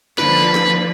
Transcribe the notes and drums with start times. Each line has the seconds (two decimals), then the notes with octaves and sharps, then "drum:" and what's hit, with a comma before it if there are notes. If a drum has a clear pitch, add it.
0.18 D3 F3 A#3 B4, drum: snare
0.55 drum: snare